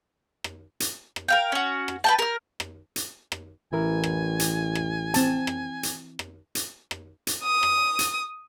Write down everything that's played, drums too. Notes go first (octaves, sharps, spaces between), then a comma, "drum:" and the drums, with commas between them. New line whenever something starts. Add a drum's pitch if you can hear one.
drum: rim click
drum: hi-hat
drum: rim click
A#4 F5 G5
C#4 F#4
drum: rim click
B4 G5 A5
A#4 F6
drum: rim click
drum: hi-hat
drum: rim click
A1 E3 E4 A#4 G#5
drum: rim click
drum: hi-hat
drum: rim click
C4 A5, drum: hi-hat
drum: rim click
drum: hi-hat
drum: rim click
drum: hi-hat
drum: rim click
drum: hi-hat
D#6
drum: rim click
drum: hi-hat